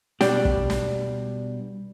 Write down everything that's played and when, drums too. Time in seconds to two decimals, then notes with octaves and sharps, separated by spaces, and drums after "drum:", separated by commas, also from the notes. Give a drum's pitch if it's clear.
0.21 B2 G3 D4 G4, drum: snare
0.45 drum: kick
0.70 drum: snare